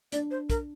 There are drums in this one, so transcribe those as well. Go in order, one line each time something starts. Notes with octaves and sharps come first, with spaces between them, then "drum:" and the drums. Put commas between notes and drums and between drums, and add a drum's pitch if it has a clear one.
D4 D5, drum: hi-hat
C5
A#4, drum: kick, hi-hat